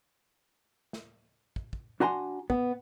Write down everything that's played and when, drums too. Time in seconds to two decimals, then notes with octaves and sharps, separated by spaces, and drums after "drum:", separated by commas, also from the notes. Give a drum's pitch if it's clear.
0.93 drum: snare
1.56 drum: kick
1.73 drum: kick
2.00 D4 F#4 G#5 A#5 C6, drum: tom F3
2.50 B3, drum: kick